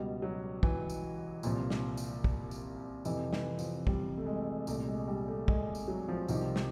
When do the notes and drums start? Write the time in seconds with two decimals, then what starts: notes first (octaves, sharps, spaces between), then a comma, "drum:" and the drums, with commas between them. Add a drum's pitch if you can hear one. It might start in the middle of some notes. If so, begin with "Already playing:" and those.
Already playing: C#2 B2 G3
0.22 F#3
0.63 E3, drum: kick
0.90 drum: tambourine
1.43 C2 A#2 F3, drum: tambourine
1.70 drum: snare
1.97 drum: tambourine
2.24 drum: kick
2.51 drum: tambourine
3.05 F2 C3 E3, drum: tambourine
3.33 E3, drum: snare
3.59 F3, drum: tambourine
3.87 G3, drum: kick
4.17 A3
4.26 G#3
4.67 C2 A#2 A3, drum: tambourine
4.87 G#3
5.07 G3
5.28 A3
5.48 G#3, drum: kick
5.75 drum: tambourine
5.88 F#3
6.08 F3
6.28 C2 C3 D#3 F3, drum: tambourine
6.56 drum: snare